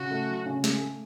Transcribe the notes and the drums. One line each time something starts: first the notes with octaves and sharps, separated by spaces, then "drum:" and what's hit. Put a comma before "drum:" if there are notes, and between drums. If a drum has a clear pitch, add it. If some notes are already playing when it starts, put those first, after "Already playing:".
Already playing: C#3 F#4
A3
F#3
C#3
A3, drum: snare
A3